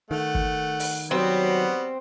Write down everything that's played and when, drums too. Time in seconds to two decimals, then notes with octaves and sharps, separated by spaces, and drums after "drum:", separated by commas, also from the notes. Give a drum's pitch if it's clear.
0.11 D#3 A3 F#5
0.35 drum: kick
0.80 drum: open hi-hat
1.11 F#3 G3 B3 C4 F#4